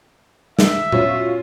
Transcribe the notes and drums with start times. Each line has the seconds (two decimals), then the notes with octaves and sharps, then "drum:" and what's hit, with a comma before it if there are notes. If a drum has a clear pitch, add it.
0.59 E5, drum: snare
0.92 C#4 F4 F#4, drum: tom A#2